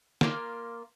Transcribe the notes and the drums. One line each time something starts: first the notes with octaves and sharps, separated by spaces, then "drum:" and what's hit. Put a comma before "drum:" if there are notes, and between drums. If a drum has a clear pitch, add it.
A#3 F4 F5, drum: snare